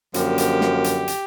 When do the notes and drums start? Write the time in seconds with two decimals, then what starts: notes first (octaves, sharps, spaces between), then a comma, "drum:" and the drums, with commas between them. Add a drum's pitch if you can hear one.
0.14 F#2 D3 F3 A#3 G4, drum: hi-hat
0.38 drum: hi-hat
0.61 drum: snare
0.84 drum: hi-hat
1.08 drum: hi-hat